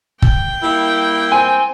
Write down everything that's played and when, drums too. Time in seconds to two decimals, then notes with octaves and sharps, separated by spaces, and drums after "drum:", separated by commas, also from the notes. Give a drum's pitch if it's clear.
0.22 G5, drum: kick
0.62 G3 A#3 E4
1.32 C4 G#5